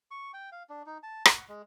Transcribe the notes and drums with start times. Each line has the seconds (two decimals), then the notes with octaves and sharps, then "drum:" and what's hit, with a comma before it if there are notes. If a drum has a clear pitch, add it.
0.11 C#6
0.34 G5
0.52 F5
0.69 D4
0.86 D#4
1.03 A5
1.25 F#5, drum: rim click
1.48 G#3